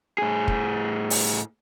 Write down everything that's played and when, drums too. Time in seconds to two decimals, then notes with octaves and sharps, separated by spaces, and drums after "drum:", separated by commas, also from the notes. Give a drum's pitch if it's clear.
0.18 A2 G#4
0.48 drum: kick
1.10 drum: open hi-hat